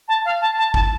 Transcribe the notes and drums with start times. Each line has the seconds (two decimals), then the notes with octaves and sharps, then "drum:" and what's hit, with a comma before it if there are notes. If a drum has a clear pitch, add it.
0.08 A5
0.25 F5
0.41 A5
0.58 A5
0.74 A5, drum: kick